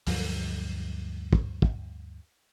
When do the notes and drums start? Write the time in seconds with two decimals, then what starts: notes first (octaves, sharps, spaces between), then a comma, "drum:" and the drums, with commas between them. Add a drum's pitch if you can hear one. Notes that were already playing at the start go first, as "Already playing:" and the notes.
0.07 D2 G2 F3 F#3, drum: open hi-hat
1.33 drum: kick
1.62 drum: kick